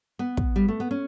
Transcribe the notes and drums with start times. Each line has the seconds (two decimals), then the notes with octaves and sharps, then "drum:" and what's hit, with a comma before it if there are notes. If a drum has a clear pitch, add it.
0.19 B3
0.37 drum: kick
0.56 G3
0.68 A3
0.80 B3
0.91 C#4